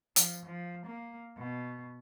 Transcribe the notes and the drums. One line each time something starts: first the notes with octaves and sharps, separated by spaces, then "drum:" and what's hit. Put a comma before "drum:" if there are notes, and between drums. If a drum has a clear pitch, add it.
F3, drum: hi-hat
F3
A#3
B2